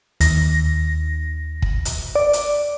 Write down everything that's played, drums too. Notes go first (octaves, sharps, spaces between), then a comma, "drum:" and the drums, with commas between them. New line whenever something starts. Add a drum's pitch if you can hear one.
D#2 A#6, drum: hi-hat
drum: kick
drum: hi-hat
D5
drum: hi-hat